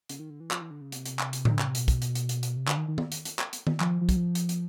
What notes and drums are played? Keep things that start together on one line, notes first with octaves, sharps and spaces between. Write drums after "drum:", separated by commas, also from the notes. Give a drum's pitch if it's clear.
C#3, drum: hi-hat
D#3
D3
E3
F3, drum: clap
E3
D3
C#3
C3, drum: hi-hat
drum: hi-hat
drum: clap
drum: hi-hat
D#3, drum: tom A2
D3
C#3, drum: clap
C3
B2, drum: hi-hat
drum: kick, hi-hat
drum: hi-hat
drum: hi-hat
drum: hi-hat
drum: hi-hat
C3
D3, drum: clap
D#3
D#3
drum: tom D#3
drum: hi-hat
drum: hi-hat
drum: clap
drum: hi-hat
drum: tom D#3
F3, drum: clap
F3
F#3, drum: kick, hi-hat
F3
drum: hi-hat
drum: hi-hat